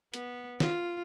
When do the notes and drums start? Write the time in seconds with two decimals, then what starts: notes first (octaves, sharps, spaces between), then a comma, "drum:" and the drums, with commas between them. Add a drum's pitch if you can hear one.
0.14 B3, drum: hi-hat
0.60 F4, drum: snare